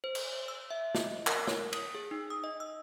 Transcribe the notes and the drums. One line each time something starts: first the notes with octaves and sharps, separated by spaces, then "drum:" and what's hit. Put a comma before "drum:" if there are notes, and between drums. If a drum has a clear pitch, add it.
C5
drum: cymbal
E6
E5
D#5, drum: snare
A#4, drum: clap
C#5, drum: snare
D#6, drum: cymbal
G#4
D#4
D#6
D#5
E6